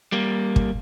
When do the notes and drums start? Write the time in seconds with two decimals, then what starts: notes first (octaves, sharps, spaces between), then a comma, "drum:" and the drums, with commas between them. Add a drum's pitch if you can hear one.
0.12 G3 A#3
0.56 drum: kick